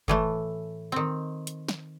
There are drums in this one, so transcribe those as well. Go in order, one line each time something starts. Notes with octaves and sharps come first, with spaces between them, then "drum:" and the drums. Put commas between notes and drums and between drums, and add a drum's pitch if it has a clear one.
A2 E3 A3, drum: kick F#1
D#3 C4
drum: hi-hat
drum: snare